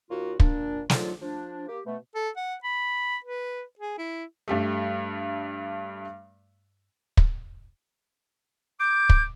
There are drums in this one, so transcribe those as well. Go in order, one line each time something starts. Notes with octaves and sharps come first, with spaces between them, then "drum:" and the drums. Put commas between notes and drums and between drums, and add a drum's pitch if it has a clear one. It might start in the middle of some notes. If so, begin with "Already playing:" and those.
D#2 A#3 F4 F#4
A#2 D4, drum: kick
G#2 D3 F#3 F4, drum: snare
F3 D4
A#3 G4
B2 A3
A4
F#5
B5
B4
G#4
E4
G2 G3 A3
drum: kick
D6 G6
drum: kick